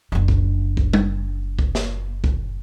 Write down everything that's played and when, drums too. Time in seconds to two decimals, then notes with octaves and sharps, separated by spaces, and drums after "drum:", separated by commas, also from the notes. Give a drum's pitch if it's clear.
0.12 F#1 D4
0.28 drum: kick
0.77 drum: kick
0.93 drum: tom G3
1.59 drum: kick
1.75 drum: snare
2.24 drum: kick